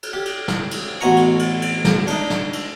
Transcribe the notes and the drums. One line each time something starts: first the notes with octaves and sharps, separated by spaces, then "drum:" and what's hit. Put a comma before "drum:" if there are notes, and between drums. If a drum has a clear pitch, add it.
drum: cymbal
G4
drum: cymbal
drum: snare
drum: cymbal
A1 B2 F#4 G#5 A#5 C#6
drum: cymbal
drum: cymbal
drum: cymbal
drum: snare
D4 D#4, drum: cymbal
drum: snare
drum: cymbal